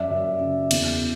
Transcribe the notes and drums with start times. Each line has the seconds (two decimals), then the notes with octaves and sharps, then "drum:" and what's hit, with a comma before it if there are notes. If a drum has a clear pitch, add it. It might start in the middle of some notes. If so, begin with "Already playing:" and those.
Already playing: F#2 F#3 D5 E5
0.11 F#2
0.41 C#3
0.71 E2, drum: cymbal